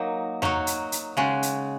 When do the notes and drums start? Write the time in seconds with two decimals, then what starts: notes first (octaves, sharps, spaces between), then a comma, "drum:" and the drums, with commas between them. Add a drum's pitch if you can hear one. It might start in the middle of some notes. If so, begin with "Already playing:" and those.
Already playing: F#3 A#3 D#4
0.42 F#3 D#4 F#4, drum: tom E2
0.67 drum: hi-hat
0.92 drum: hi-hat
1.17 C#3 G#3 F#4
1.43 drum: hi-hat